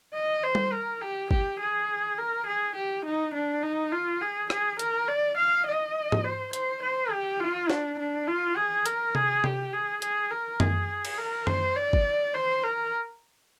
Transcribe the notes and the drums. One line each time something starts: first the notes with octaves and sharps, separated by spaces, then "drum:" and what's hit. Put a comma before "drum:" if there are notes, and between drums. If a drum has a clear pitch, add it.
D#5
C5
drum: tom G3
A#4
G4
G4, drum: kick
G#4
A#4
G#4
G4
D#4
D4
D#4
F4
G#4
G#4, drum: rim click
A#4, drum: hi-hat
D5
F5
D#5
drum: tom G#2
C5
C5, drum: hi-hat
C5
G4
F4
D4, drum: snare
D4
F4
G#4
A#4, drum: hi-hat
G#4, drum: tom C3
G4, drum: tom C3
G#4
G#4, drum: hi-hat
A#4
G#4, drum: tom F#2
drum: cymbal
A#4
C5, drum: tom F#2
D5
drum: kick
C5
A#4